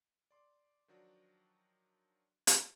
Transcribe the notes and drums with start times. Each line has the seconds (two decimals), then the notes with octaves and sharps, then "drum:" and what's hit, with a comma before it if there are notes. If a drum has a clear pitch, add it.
0.31 D5 C6 D6
0.88 D#3 F3 F#3 D4 F#4 D5
2.47 drum: hi-hat